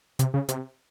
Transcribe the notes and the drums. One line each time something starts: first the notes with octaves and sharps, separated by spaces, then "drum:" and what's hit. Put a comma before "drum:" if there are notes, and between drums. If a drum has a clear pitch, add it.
C3, drum: hi-hat
C#3
C3, drum: hi-hat